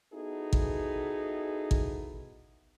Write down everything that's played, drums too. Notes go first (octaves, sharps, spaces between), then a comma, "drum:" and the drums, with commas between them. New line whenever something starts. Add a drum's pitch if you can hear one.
B3 D#4 E4 F#4 G#4 A4
drum: kick
drum: kick